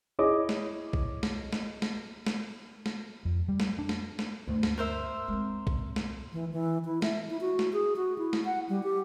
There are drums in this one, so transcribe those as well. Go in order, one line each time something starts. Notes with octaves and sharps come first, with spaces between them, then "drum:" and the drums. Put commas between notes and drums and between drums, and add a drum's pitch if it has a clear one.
E4 G#4 C#5 D#5 D6
drum: snare
drum: kick A#1
drum: snare
drum: snare
drum: snare
drum: snare
drum: snare
F2
G3
drum: snare
D4
drum: snare
drum: snare
D2 G2
drum: snare
A#4 C5 E5
G#3 C4
drum: kick A#1
drum: snare
E3
E3
E4
E5, drum: snare
E4
F#4
drum: snare
G#4
F#4
E4
drum: snare
F#5
G3
G4